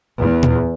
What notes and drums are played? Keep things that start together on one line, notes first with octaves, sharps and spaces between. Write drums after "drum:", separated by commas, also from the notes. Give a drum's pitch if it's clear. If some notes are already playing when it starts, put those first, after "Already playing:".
E2
drum: tom A#2